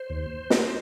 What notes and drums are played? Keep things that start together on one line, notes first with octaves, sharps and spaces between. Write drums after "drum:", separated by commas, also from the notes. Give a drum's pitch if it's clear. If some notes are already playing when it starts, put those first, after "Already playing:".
Already playing: C5
D#2
drum: snare